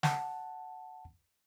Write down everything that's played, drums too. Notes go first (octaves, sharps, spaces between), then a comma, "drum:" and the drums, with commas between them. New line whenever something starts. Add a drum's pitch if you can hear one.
F#5 A5, drum: snare